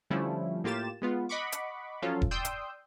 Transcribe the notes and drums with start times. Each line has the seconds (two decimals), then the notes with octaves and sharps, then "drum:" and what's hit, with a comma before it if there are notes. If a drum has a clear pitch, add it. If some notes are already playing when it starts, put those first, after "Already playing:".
0.10 D3 F3 G3 A3 C#4 E4
0.64 A2 A#3 F4 G4 A6 E7
1.02 G#3 B3 F4
1.29 D#5 F#5 B5 C#6 D6
1.52 drum: hi-hat
2.02 F3 F#3 C#4 F4 A4
2.22 drum: kick E1
2.31 D5 G5 C6 D#6 E6 G6
2.45 drum: hi-hat